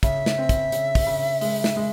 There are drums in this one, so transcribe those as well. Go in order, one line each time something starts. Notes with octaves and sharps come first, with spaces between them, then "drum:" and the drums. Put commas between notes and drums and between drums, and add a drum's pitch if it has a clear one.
C#3 E5, drum: kick, hi-hat
drum: snare
C4
drum: kick, hi-hat
C#3, drum: hi-hat
drum: kick, open hi-hat
C#3
G#3, drum: open hi-hat
drum: snare
G#3